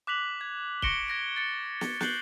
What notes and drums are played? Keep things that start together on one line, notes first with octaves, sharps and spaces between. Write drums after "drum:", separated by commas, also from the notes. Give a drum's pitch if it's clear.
D6 F#6 B6 F7 F#7
G#6
C#6 A#6 C#7 D7 E7 G7, drum: kick
G#6 A#6 D7
A6 C#7
drum: snare
F#6 G6 C7 F#7 G7, drum: snare